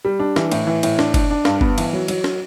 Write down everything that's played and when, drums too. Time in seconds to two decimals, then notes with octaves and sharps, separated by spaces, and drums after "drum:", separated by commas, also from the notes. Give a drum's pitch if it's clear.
0.05 G3
0.20 D4
0.36 E3, drum: snare
0.52 A2, drum: cymbal
0.67 E3
0.83 A2, drum: cymbal
0.99 D4, drum: snare
1.14 D4, drum: kick F#1, cymbal
1.30 D4
1.45 G2, drum: snare
1.61 B3, drum: kick F#1
1.78 E3, drum: cymbal
1.93 F#3
2.08 F#3, drum: cymbal
2.24 drum: snare